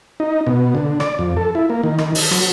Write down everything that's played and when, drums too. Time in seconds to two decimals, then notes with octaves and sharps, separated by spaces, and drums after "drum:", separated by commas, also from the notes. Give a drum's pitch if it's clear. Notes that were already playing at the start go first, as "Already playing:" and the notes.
0.20 D#4
0.47 B2
0.75 D3
1.00 D5, drum: rim click
1.19 F2
1.37 A4
1.55 E4
1.70 A#3
1.83 D#3
1.98 drum: rim click
2.15 drum: open hi-hat
2.31 F#3, drum: rim click